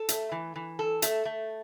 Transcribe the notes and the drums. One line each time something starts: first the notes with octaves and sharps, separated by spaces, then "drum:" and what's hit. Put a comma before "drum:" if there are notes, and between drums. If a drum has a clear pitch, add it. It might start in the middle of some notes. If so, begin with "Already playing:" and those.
Already playing: A4
A3, drum: hi-hat
E3
E3
A4
A3, drum: hi-hat
A3